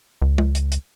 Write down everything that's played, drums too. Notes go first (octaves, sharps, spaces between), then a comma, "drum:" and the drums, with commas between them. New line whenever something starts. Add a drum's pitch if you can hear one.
C#2
drum: tom
drum: hi-hat
drum: hi-hat